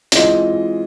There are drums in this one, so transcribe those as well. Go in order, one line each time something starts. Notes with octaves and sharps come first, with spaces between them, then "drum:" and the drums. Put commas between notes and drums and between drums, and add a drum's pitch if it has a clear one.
E3 G#3 C4 F4 D#5, drum: hi-hat